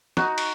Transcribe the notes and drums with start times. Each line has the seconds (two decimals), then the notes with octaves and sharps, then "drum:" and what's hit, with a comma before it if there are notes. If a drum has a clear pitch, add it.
0.17 D#4 F#4, drum: snare
0.38 drum: cymbal